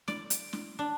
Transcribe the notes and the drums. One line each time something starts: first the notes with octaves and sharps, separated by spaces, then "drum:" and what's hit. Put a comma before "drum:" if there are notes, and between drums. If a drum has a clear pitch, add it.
D5, drum: snare
drum: hi-hat
drum: snare
D4